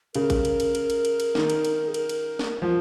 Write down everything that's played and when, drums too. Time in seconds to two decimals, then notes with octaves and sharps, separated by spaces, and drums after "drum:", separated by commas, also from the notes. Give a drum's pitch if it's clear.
0.15 C#3 A#4, drum: cymbal
0.30 drum: kick A1, cymbal
0.45 drum: cymbal
0.60 drum: cymbal
0.75 drum: cymbal
0.90 drum: cymbal
1.05 drum: cymbal
1.20 drum: cymbal
1.35 D#3, drum: snare
1.50 drum: cymbal
1.65 drum: cymbal
1.88 G#4
1.94 A#4, drum: cymbal
2.09 drum: cymbal
2.39 drum: snare
2.62 F3